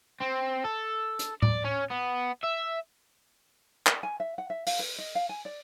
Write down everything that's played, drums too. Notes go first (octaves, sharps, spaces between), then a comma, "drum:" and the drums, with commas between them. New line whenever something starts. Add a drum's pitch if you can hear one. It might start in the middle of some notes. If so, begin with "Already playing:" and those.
C4
A4
drum: hi-hat
D5, drum: tom A2
C#4
B3
E5
D5, drum: clap
G#5
E5
F#5
E5
F5, drum: open hi-hat
B4
D#5
F5
G#5
D5